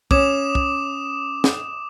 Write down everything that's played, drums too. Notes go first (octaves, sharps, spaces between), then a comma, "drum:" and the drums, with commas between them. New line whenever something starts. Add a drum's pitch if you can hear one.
C#4 D6 D#6 E7, drum: kick
drum: kick
drum: snare